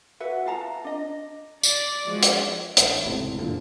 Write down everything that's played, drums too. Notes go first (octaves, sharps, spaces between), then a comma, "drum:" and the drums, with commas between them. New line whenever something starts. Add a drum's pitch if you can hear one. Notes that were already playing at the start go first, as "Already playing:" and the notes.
F#4 B4 E5 F#5
F4 F5 A5 A#5
D4 D#5
D5, drum: tambourine
F3 G#3 F#4
drum: hi-hat
A1 A3, drum: hi-hat
F1 C#2 A2 C3
F#2 A#2 D3